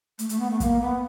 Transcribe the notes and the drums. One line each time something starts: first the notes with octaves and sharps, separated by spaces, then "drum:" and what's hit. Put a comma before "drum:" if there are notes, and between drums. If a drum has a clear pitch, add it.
A3, drum: hi-hat
A3, drum: hi-hat
B3
A3
A#3, drum: kick, hi-hat
B3